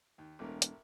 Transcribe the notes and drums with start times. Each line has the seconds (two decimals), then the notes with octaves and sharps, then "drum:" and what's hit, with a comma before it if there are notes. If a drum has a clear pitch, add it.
0.18 D#2
0.39 E1 A1 A3 A#4
0.62 drum: hi-hat